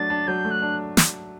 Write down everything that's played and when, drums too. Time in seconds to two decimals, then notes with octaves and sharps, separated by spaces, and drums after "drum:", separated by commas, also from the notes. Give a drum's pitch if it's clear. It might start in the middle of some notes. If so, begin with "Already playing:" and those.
Already playing: F#3 A3 D4 A6
0.10 D4
0.27 F#3 G6
0.45 A3
0.51 F#6
0.62 D4
0.97 drum: snare